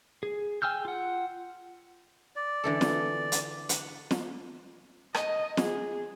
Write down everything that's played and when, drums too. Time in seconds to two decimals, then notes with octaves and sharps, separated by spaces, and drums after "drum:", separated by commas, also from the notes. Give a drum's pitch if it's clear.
0.23 G#4
0.62 G5 G#5 E6 F6 G6
0.85 F4 F#5
2.36 D5
2.64 D3 E3 A4
2.81 drum: snare
3.32 drum: hi-hat
3.69 F#5, drum: hi-hat
4.11 drum: snare
5.15 D#5, drum: rim click
5.57 G#4, drum: snare